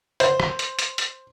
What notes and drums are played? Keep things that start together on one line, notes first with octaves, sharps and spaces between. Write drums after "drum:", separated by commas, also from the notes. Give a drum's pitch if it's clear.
C5, drum: hi-hat
drum: rim click
drum: hi-hat
drum: hi-hat
drum: hi-hat